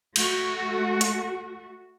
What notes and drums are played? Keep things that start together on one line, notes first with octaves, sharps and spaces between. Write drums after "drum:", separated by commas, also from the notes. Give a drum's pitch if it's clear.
A3 F#4, drum: cymbal
drum: hi-hat